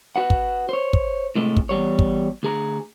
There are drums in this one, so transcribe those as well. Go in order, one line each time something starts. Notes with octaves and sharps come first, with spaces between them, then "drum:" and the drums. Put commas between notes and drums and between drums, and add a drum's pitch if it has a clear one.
F#4 B4 F#5
drum: kick
C5 C#5
drum: kick
A2 C3 G#3 A3
drum: kick
E2 G2 G3 C#5
drum: kick
D2 G#4 A#5